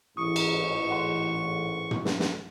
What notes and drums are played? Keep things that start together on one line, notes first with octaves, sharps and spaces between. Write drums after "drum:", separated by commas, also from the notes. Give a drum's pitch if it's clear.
A1 G#2 C#6 D#6
drum: cymbal
F#5 C6
drum: tom
drum: snare
drum: snare